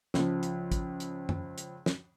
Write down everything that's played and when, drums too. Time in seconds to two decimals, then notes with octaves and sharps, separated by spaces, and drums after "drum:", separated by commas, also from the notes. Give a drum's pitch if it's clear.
0.14 C#2 F3, drum: snare
0.43 drum: hi-hat
0.71 drum: kick, hi-hat
1.00 drum: hi-hat
1.29 drum: tom F#2
1.58 drum: hi-hat
1.86 drum: snare